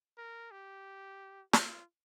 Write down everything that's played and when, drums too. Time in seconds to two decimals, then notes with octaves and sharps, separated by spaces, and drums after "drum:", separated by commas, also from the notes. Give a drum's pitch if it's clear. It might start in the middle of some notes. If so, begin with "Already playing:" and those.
0.18 A#4
0.52 G4
1.53 F4, drum: snare